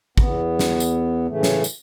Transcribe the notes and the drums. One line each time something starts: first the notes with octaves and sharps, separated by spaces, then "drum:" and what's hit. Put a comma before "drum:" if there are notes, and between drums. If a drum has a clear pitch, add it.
E2 B3, drum: kick
drum: snare
drum: tambourine
A2 C#3 E3 A3
drum: snare
drum: tambourine